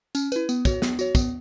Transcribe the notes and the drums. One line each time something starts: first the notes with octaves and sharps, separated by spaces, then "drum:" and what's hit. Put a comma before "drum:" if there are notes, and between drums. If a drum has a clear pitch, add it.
C#4, drum: tambourine
E4 B4, drum: tambourine
B3, drum: tambourine
F#4 C#5, drum: kick, tambourine
B3, drum: snare
F#4 C#5, drum: tambourine
B3, drum: kick, tambourine